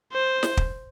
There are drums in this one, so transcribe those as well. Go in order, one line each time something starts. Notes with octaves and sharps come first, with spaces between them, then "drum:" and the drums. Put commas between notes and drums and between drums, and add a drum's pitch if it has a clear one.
C5
drum: snare
drum: kick